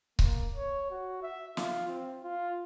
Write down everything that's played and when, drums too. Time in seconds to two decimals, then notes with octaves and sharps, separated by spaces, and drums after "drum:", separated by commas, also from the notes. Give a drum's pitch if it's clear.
0.19 A#3, drum: kick C#1
0.54 C#5
0.91 F#4
1.22 E5
1.57 F4, drum: snare
1.88 C4
2.23 F4